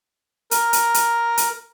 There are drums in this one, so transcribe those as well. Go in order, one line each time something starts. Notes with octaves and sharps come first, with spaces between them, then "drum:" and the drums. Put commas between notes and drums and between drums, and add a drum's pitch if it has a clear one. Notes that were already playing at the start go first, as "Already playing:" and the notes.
A#4, drum: hi-hat
drum: hi-hat
drum: hi-hat
drum: hi-hat